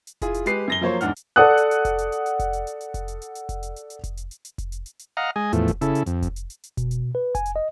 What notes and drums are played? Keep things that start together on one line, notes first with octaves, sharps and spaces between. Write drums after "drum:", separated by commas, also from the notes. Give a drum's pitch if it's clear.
drum: hi-hat
E4 F4 G#4, drum: kick F1, hi-hat
drum: hi-hat
G#3 G4 B4 C7, drum: hi-hat
F#2 A#6 G7
F3 F#3 A#3 C5 C#5 C#6
E2 G#2 D4 F#5 F6, drum: hi-hat
drum: hi-hat
A4 D5 F#5 D#6 F#6
drum: hi-hat
drum: hi-hat
drum: kick F1, hi-hat
drum: hi-hat
drum: hi-hat
drum: hi-hat
drum: kick F1, hi-hat
drum: hi-hat
drum: hi-hat
drum: hi-hat
drum: kick F1, hi-hat
drum: hi-hat
drum: hi-hat
drum: hi-hat
drum: kick F1, hi-hat
drum: hi-hat
drum: hi-hat
drum: hi-hat
drum: kick F1, hi-hat
drum: hi-hat
drum: hi-hat
drum: hi-hat
drum: kick F1, hi-hat
drum: hi-hat
drum: hi-hat
drum: hi-hat
D#5 F5 F#5 A#5
G#3 D#5 G#5
E2 A2 F3 A3, drum: hi-hat
drum: kick F1, hi-hat
C#3 E4 A4, drum: hi-hat
drum: hi-hat
F2, drum: hi-hat
drum: kick F1, hi-hat
drum: hi-hat
drum: hi-hat
drum: hi-hat
B2, drum: kick F1, hi-hat
drum: hi-hat
B4
G#5, drum: kick F1, hi-hat
drum: hi-hat
D#5